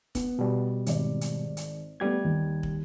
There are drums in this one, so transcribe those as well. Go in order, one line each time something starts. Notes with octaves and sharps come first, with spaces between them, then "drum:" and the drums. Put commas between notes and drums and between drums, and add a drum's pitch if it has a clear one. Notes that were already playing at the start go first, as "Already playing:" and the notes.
B3, drum: kick, hi-hat
B2 G3
G#1 D5, drum: hi-hat
drum: hi-hat
drum: hi-hat
G3 A3 B3 G4 G#6
D#2
drum: kick